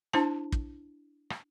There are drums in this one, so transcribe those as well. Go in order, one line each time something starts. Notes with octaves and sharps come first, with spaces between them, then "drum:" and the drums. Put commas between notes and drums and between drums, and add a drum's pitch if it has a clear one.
D4 E4 C5 A5, drum: rim click
drum: kick
drum: rim click